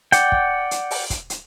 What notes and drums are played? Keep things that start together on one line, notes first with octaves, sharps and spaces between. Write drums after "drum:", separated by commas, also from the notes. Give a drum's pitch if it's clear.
D5 F#5 G5, drum: hi-hat
drum: kick
drum: hi-hat
drum: open hi-hat
drum: kick, hi-hat
drum: hi-hat